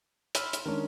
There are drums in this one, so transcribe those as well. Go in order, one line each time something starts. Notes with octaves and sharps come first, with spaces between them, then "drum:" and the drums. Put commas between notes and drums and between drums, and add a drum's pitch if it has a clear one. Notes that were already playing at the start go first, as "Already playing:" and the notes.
B5 C6 E6 F6, drum: hi-hat
drum: hi-hat
D#3 G#3 C#4 D4 A#4